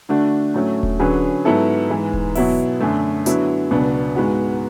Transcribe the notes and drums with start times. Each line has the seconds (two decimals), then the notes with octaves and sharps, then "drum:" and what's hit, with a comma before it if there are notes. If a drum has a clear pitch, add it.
0.09 D3 A3 D4 F#4
0.54 A2 F#3 A3 C#4
0.83 drum: kick D#1
1.00 D3 F#3 C#4 G#4 B4
1.45 G#2 F#3 B3 E4 A4
1.90 G#2 E3 G#3
2.13 drum: kick D#1
2.35 B2 F#3 B3 E4, drum: open hi-hat
2.80 F#2 D3 A3
3.26 D3 F#3 B3 E4, drum: hi-hat
3.71 C#2 B2 F#3 B3 D4
4.16 G#2 G#3 B3 F#4